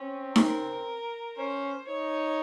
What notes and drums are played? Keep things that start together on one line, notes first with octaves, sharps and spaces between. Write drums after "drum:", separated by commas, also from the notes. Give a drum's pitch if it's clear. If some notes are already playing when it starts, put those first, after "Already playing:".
Already playing: C4 C#4
A#4, drum: snare D#4
C#4 C5
D#4 C#5